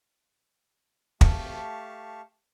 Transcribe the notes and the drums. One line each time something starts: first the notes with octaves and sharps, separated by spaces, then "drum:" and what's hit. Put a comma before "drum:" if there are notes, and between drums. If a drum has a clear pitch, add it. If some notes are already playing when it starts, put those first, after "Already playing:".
A3 G4 F5 A5 C#6, drum: kick